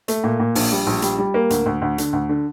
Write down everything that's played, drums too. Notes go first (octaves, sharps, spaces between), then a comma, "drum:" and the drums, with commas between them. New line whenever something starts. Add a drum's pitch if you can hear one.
A3, drum: hi-hat
A#2
A#2
A#1, drum: open hi-hat
G3
A#1
G3, drum: hi-hat
G3
A#3
D2, drum: hi-hat
D2
D2
D3, drum: hi-hat
D2
D3